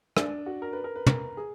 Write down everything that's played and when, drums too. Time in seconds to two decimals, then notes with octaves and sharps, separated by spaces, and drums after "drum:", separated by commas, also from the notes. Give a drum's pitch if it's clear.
0.17 D4, drum: rim click
0.46 F#4
0.62 A#4
0.73 B4
0.84 A#4
0.96 B4
1.06 A#4, drum: tom
1.37 G#4